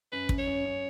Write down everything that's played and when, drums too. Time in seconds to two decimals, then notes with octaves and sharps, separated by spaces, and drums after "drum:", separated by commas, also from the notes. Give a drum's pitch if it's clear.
0.12 F#2 B4
0.29 F#2, drum: kick
0.39 C#5
0.47 F#2
0.65 F#2